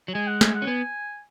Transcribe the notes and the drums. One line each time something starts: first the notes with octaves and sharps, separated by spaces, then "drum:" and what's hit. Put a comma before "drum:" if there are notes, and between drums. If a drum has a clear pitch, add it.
F#3
G#3 G#5
F#5
G#5, drum: snare
F#5
C#4
B3 G#5